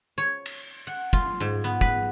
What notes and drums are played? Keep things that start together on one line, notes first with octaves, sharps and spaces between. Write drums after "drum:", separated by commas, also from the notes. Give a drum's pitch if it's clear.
C#5
drum: cymbal
F#5
F4, drum: kick
G#2
B3
B4, drum: kick